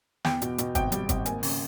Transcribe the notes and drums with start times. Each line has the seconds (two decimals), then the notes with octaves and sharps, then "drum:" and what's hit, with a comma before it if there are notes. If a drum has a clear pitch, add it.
0.25 E2 G5, drum: snare
0.42 B2, drum: hi-hat
0.58 B2, drum: hi-hat
0.75 G#1 G5, drum: kick, hi-hat
0.92 G3, drum: hi-hat
1.09 G#1, drum: kick, hi-hat
1.26 A#3 G#5, drum: hi-hat
1.43 C#3, drum: open hi-hat